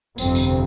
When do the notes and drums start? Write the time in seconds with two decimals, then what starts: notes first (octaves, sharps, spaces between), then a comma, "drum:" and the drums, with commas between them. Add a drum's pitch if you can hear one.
0.18 G1 F2 C3 C4, drum: tambourine
0.35 drum: tambourine